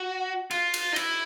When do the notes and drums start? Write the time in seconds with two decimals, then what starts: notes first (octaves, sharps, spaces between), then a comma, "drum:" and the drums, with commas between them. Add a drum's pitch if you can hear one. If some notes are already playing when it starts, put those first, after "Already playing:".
Already playing: F#4
0.51 F4, drum: cymbal
0.74 drum: cymbal
0.92 D#4
0.96 E4, drum: cymbal